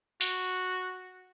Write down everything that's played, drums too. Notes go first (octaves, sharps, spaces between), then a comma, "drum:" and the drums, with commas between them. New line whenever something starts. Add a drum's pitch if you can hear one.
F#4, drum: open hi-hat